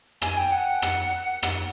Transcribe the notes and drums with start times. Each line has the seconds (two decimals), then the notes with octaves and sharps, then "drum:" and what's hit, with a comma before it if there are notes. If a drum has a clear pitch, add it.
0.22 G#5, drum: rim click
0.37 G5
0.51 F#5
0.82 drum: rim click
1.43 drum: rim click